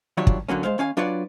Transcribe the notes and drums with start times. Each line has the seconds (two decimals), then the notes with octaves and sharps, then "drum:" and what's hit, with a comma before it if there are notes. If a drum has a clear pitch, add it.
0.17 D#3 F#3 G3 D4 F4 C#5
0.27 drum: kick
0.49 D3 F#3 A#3 C#4
0.64 G#3 C5 F5
0.78 D#2 C#4 F5 G#5
0.97 F#3 D4 F4 B4 C#5 D5